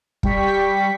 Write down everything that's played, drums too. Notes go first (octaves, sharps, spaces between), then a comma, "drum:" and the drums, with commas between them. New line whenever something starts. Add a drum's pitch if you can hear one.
G3 G5 C#6 B6, drum: kick